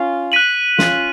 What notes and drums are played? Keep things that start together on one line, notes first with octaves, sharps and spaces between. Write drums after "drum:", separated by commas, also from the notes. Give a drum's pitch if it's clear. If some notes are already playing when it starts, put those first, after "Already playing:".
Already playing: C#4 F4
F#6 B6 D#7 F#7
C#4 F4, drum: snare